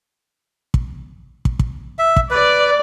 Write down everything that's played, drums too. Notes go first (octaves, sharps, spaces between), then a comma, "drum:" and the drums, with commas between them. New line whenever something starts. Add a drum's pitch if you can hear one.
drum: kick
drum: kick
drum: kick
E5
drum: kick
B4 D5